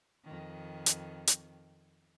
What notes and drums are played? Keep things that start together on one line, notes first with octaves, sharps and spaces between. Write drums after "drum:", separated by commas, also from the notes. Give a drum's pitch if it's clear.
F2 D#3
drum: hi-hat
drum: hi-hat